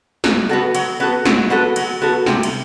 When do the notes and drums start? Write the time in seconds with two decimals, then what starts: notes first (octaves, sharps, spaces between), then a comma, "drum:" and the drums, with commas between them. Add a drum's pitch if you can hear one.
0.24 F#3, drum: snare
0.49 B3 F#4 A4
0.75 F#3, drum: cymbal
1.00 B3 F#4 A4
1.25 F#3, drum: snare
1.50 B3 F#4 A4
1.76 F#3, drum: cymbal
2.02 B3 F#4 A4
2.26 C3, drum: snare
2.43 drum: cymbal